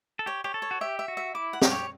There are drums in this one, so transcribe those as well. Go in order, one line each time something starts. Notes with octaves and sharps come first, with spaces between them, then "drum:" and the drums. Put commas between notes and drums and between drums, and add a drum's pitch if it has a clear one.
A4
G4 C#5
G4 C#5
A4
C#5
F#4
G4 E5
E5
F#4
E5
E4 D6
F#5
G4, drum: snare
C#5